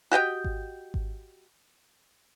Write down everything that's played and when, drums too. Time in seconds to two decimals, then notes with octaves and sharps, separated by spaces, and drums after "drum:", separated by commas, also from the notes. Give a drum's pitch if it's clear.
0.12 F#4 G4 D#5 G5
0.44 drum: kick G#1
0.94 drum: kick G#1